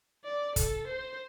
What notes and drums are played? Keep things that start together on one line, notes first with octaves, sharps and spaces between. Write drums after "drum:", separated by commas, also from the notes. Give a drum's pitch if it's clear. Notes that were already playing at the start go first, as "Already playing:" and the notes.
D5
A4, drum: kick, hi-hat
C5